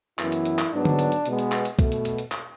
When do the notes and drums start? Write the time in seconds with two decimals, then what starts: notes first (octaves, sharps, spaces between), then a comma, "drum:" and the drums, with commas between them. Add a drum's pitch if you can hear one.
0.19 F#2 E3 B3 E4, drum: clap
0.32 drum: hi-hat
0.45 drum: hi-hat
0.59 drum: clap
0.72 G#2 F#3 B3 D4
0.85 drum: tom D3
0.99 drum: hi-hat
1.12 drum: hi-hat
1.26 B2 G#3 B3, drum: hi-hat
1.39 drum: hi-hat
1.52 drum: clap
1.65 drum: hi-hat
1.79 B2 A3, drum: kick C2, hi-hat
1.92 drum: hi-hat
2.05 drum: hi-hat
2.18 drum: hi-hat
2.32 drum: clap